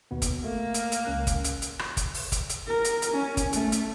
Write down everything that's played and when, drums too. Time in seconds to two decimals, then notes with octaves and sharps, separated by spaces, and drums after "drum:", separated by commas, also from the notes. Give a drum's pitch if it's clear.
0.11 D#2 B2 B3
0.22 drum: kick F#1, hi-hat
0.44 A3 A#3
0.74 drum: hi-hat
0.92 drum: hi-hat
1.05 C#2 C#4 F#6
1.27 drum: kick F#1, hi-hat
1.44 drum: hi-hat
1.62 drum: hi-hat
1.79 drum: rim click
1.97 drum: kick F#1, hi-hat
2.14 drum: open hi-hat
2.32 drum: kick F#1, hi-hat
2.49 drum: hi-hat
2.67 A#4
2.84 drum: hi-hat
3.02 drum: hi-hat
3.11 C#4
3.37 drum: kick F#1, hi-hat
3.53 A3, drum: hi-hat
3.72 drum: hi-hat